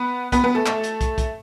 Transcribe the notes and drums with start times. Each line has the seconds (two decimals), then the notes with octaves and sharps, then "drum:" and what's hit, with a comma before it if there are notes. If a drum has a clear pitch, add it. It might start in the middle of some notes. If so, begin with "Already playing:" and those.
Already playing: B3 B4
0.32 B3 B4, drum: kick, hi-hat
0.44 B3 B4
0.55 A3 A4
0.66 A3 A4, drum: clap
0.84 drum: hi-hat
1.01 drum: kick, hi-hat
1.18 drum: kick, hi-hat